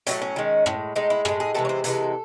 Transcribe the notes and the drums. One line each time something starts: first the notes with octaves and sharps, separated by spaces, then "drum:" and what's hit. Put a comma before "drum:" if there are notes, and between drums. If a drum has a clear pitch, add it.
A2 F#3 A3 C#4, drum: hi-hat
C#4
D#3 G#3
A2 G#3, drum: rim click
A2 G#3 D#4
E4
A2 G#3 G#4, drum: rim click
G#4
C3 E3 G#3 A4
C#5
C5
C3 E3 G#3 A4, drum: hi-hat